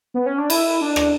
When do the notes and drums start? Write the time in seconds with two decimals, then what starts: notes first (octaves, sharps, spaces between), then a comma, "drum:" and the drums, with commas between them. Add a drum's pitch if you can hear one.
0.14 B3
0.26 C#4
0.38 D4
0.50 E4, drum: cymbal
0.81 D4
0.96 drum: rim click